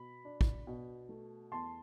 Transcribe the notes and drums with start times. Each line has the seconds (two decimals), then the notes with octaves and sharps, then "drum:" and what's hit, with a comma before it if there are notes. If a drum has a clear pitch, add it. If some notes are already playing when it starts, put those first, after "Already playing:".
Already playing: B2 B5
0.25 D4
0.41 drum: kick
0.67 B2
1.09 A3
1.52 E2 A5 C6